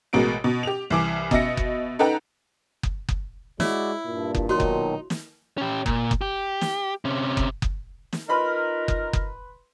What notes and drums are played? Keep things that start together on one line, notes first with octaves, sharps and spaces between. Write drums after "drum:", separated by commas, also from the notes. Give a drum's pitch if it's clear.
A1 B2 G#3 F#4 A#4 D7
B2
G4 F7
C2 E3 D6
B2 D#5 E5 A#6 C#7, drum: kick F#1
drum: kick F#1
D#4 A4 B4 F#5 G5 A#5
drum: kick F#1
drum: kick F#1
G#3 E4 F#4 C#5 D5, drum: snare
G2 A#2
drum: kick F#1
B2 D#3 F#3 D#4 F#4 C#5 C6
drum: kick F#1
drum: snare
C#4 G4
A#2, drum: kick F#1
drum: kick F#1
G4
drum: snare
C3 C#4
drum: kick F#1
drum: kick F#1
drum: snare
D#4 F4 A#4 B4 B5 C6
drum: kick F#1
drum: kick F#1